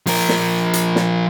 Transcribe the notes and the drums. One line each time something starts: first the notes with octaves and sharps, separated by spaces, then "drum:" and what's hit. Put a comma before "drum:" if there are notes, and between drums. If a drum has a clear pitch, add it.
F3 A#4, drum: open hi-hat
drum: snare
drum: hi-hat
drum: snare